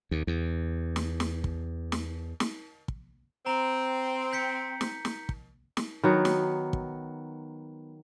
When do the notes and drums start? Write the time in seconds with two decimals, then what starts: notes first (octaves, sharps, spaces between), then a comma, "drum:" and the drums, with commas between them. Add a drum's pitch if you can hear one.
0.11 D#2
0.27 E2
0.96 drum: snare
1.20 drum: snare
1.44 drum: kick
1.92 drum: snare
2.40 drum: snare
2.88 drum: kick
3.46 C4 A#5
4.33 G6 B6 C#7
4.81 drum: snare
5.05 drum: snare
5.29 drum: kick
5.77 drum: snare
6.03 D#3 F#3 B3
6.25 drum: snare
6.73 drum: kick